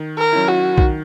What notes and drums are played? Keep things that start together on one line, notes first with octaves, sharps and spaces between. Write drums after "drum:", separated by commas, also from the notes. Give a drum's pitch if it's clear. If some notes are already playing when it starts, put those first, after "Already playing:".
Already playing: D#3
A#4
F#3 C#4 E4
F#4
D#3, drum: kick B1